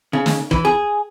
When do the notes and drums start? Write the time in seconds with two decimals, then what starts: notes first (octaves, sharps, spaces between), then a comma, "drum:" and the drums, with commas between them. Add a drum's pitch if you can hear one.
0.13 C#3
0.26 drum: snare
0.51 E3, drum: kick
0.65 G#4